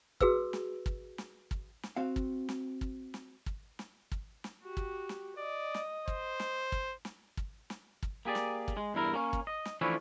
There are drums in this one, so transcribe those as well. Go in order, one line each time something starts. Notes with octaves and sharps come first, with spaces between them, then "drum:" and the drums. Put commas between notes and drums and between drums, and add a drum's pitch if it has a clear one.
F#4 G#4 B4 E6, drum: kick
drum: snare
drum: kick
drum: snare
drum: kick
drum: snare
C4 F#4 F5
drum: kick
drum: snare
drum: kick
drum: snare
drum: kick
drum: snare
drum: kick
drum: snare
F#4 G4
drum: kick
drum: snare
D5 D#5
drum: snare
C5, drum: kick
drum: snare
drum: kick
drum: snare
drum: kick
drum: snare
drum: kick
A#3 G4 G#4 D5
drum: snare
drum: kick
G#3
E2 G2 E4 A#4
A#3 C#4
drum: kick
D#5
drum: snare
E3 F3 A3 C#4 D4 E4